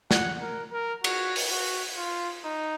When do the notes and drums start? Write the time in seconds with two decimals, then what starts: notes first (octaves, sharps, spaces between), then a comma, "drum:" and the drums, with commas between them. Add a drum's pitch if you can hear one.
0.11 F#5, drum: snare
0.41 A#4
0.72 A#4
1.04 F#4, drum: cymbal
1.36 drum: open hi-hat
1.50 F#4
1.97 F4
2.44 D#4